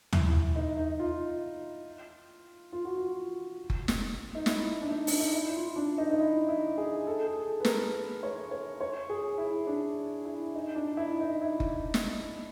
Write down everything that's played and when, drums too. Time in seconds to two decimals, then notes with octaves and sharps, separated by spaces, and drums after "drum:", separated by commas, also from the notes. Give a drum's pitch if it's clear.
0.13 E4, drum: tom D#2
0.34 E4
0.56 D#4
0.77 D#4
0.99 F4
2.72 F4
2.85 F#4
2.97 F4
3.70 drum: kick F#1
3.88 drum: snare
4.35 D#4
4.46 E4, drum: snare
4.81 D4
4.89 D#4
5.07 D4, drum: open hi-hat
5.20 D#4
5.33 E4
5.50 E4
5.55 F4
5.76 D4
5.98 D#4
6.10 D#4
6.20 E4
6.49 E4
6.78 G#4
7.07 A4
7.25 G#4
7.36 A4
7.60 B4
7.65 A#4, drum: snare
7.94 B4
8.23 C#5
8.51 C#5
8.81 C#5
9.10 G#4
9.38 E4
9.67 D4
10.25 E4
10.55 D#4
10.75 D4
10.97 E4
11.20 D#4
11.42 E4
11.60 drum: kick F#1
11.94 drum: snare